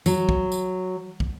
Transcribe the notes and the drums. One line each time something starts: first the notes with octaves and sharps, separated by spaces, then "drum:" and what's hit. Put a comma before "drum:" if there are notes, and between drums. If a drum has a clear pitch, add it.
F#3, drum: tambourine
drum: kick
drum: tambourine
drum: kick